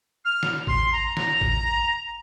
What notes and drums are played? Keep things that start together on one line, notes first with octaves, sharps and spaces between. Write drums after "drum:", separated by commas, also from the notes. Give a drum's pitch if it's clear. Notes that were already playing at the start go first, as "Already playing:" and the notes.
F6
drum: snare
C6, drum: kick G#1
A#5
A#5, drum: snare
drum: kick G#1